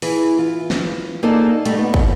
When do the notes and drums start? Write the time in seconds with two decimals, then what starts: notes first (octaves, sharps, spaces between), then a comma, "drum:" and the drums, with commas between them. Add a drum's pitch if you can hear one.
0.02 E3 E4 G#4, drum: open hi-hat
0.38 F4
0.70 drum: snare
1.23 A#3 D#4 G#4 A4 C5 D5
1.65 G3 A3 D#4, drum: hi-hat
1.78 B3
1.94 drum: kick